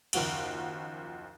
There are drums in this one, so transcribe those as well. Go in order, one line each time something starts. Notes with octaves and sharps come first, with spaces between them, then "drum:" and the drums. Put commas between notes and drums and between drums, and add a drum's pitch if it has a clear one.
F#1 D#2 F3 F#4 F#7, drum: cymbal